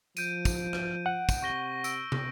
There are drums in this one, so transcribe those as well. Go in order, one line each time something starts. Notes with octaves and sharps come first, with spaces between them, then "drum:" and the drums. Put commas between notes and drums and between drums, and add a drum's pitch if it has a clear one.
F3 G6 D7 D#7, drum: tambourine
drum: kick, tambourine
drum: rim click
F#5
drum: kick, tambourine
C3 C#6 A#6 G7
E6 D7, drum: tambourine
drum: tom